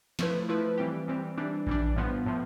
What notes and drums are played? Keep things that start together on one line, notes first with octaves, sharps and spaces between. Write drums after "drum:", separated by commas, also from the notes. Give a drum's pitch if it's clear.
F3 A3 E4 B4, drum: snare
F3 A3 E4 B4
E3 G3 C4 G4
E3 G3 C4 G4
E3 G3 D4
E3 G3 D4, drum: kick A#1
A2 F3 B3
A2 F3